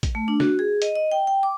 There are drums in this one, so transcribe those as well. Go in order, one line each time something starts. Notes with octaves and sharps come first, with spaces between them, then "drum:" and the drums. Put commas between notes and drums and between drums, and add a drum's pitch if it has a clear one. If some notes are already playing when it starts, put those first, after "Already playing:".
drum: kick A1, hi-hat
A3
D4
F#4, drum: snare
G#4
D#5, drum: hi-hat
D#5
G5
G5
D6